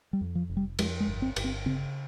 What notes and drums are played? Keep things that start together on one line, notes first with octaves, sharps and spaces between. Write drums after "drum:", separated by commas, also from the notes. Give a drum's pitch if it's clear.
G3
F2
F3
F1
G3
F2 G#3, drum: cymbal
G#3
G1
C4
G1, drum: cymbal
C4
C#3 C4